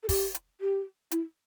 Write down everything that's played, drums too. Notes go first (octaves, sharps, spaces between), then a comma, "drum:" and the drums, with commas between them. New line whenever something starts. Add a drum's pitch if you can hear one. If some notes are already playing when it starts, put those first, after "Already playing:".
A4
G4, drum: kick, open hi-hat
drum: hi-hat
G4
E4, drum: hi-hat